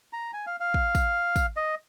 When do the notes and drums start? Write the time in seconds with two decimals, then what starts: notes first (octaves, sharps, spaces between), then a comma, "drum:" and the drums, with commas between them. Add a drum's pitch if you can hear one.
0.13 A#5
0.33 G#5
0.47 F5
0.60 F5
0.74 drum: kick
0.95 drum: kick, tambourine
1.36 drum: kick, tambourine
1.57 D#5